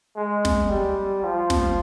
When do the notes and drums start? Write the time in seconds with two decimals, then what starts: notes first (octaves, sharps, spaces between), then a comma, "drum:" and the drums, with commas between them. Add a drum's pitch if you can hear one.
0.16 G#3
0.45 drum: snare
0.70 G3
1.24 F3
1.50 drum: snare